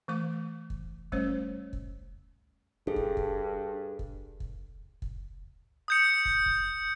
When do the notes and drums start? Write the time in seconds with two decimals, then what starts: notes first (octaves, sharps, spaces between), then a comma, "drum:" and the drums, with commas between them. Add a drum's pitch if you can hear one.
0.08 E3 A3 D6
0.70 drum: kick
1.12 G3 A3 C#4 C5 C#5, drum: kick
1.73 drum: kick
2.87 G2 D4 G#4 A4
2.96 drum: kick
3.17 drum: kick
3.99 drum: kick
4.40 drum: kick
5.02 drum: kick
5.88 D#6 G6 C#7
6.25 drum: kick
6.46 drum: kick